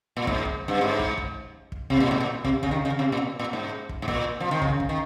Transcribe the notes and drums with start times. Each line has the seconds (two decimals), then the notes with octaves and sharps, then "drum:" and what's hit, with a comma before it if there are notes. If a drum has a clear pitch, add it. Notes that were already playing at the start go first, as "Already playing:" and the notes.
0.17 A#2
0.27 G#2, drum: kick
0.45 drum: kick
0.68 G2
0.81 G#2
0.99 drum: kick
1.18 drum: kick
1.72 drum: kick
1.90 C3, drum: kick
2.00 A#2
2.11 G#2
2.20 A#2
2.45 C3, drum: kick
2.63 C#3, drum: kick
2.71 D#3
2.85 C#3
2.99 C3
3.12 A#2
3.39 A#2
3.53 G#2
3.89 drum: kick
4.02 G#2
4.08 A#2, drum: kick
4.40 F3
4.51 D#3
4.62 C#3, drum: kick
4.80 drum: kick
4.89 D#3